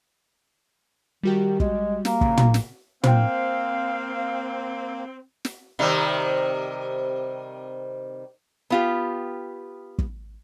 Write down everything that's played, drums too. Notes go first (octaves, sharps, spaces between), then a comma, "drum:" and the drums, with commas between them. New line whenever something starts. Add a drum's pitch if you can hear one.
D#3 G3 F#4 G4
G#3, drum: kick
A#3, drum: snare
A#2 C#3, drum: kick
drum: tom
drum: snare
A#3 C4 C5 F5 G5, drum: tom
drum: snare
C3 D#3 G3
B3 F4 G4
drum: kick